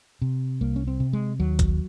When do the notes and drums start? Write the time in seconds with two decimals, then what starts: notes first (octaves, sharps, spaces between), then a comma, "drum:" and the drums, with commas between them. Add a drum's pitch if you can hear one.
0.22 C3
0.61 C2 A#3
0.76 C#4
0.87 C4
1.00 C3
1.13 G#3
1.39 D#2 F#3
1.59 drum: kick A#1, hi-hat